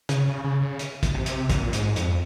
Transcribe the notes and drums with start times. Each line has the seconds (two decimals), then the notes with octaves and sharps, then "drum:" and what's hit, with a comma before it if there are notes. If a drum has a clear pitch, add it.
0.09 C#3, drum: hi-hat
0.27 C#3
0.44 C#3
0.61 C#3
0.79 drum: hi-hat
1.03 drum: kick, hi-hat
1.15 C3
1.26 drum: hi-hat
1.49 A#2, drum: kick, hi-hat
1.73 G#2, drum: hi-hat
1.96 F2, drum: hi-hat